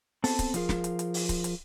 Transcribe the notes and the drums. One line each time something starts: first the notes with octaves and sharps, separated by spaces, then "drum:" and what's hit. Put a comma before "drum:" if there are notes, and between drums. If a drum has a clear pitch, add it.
B3 C4 A4 A5, drum: open hi-hat
drum: kick C#1, hi-hat
F3 A#3 C4 F4 G#4 A#4, drum: hi-hat
drum: snare
drum: hi-hat
drum: hi-hat
drum: open hi-hat
drum: kick C#1, hi-hat
drum: hi-hat